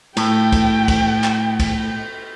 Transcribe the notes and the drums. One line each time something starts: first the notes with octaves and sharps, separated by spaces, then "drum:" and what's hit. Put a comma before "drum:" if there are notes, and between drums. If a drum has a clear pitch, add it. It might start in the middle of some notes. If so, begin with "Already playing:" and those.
A2 G5, drum: cymbal
drum: kick, cymbal
drum: kick, cymbal
drum: clap
drum: kick, cymbal